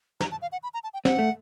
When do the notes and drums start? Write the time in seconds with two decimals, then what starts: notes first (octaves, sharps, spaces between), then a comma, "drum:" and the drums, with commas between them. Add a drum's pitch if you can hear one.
0.20 A#5, drum: snare
0.31 A5
0.42 F5
0.52 F#5
0.63 B5
0.74 A#5
0.83 A5
0.94 G5
1.05 C4 F#5, drum: snare
1.19 A3